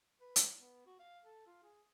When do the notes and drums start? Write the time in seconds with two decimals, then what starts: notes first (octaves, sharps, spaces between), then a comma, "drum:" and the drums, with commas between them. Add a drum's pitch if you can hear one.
0.21 B4
0.36 drum: hi-hat
0.54 B3
0.86 F#4
0.99 F5
1.24 A4
1.46 F4
1.63 G#4